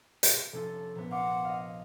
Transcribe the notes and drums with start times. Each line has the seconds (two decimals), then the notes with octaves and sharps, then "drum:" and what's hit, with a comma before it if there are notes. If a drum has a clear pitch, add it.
0.23 drum: hi-hat
0.53 F1 C#4 F4 A4
0.95 A#1 B3
1.11 F5 F#5 C6 D6
1.45 D#5 F5